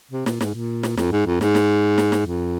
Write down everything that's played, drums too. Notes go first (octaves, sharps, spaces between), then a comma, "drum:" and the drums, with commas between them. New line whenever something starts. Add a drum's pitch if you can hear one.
C3
A#2, drum: snare
G#2, drum: snare
A#2
drum: snare
F2, drum: snare
G#2
F2
G#2, drum: snare
drum: snare
drum: snare
drum: snare
F2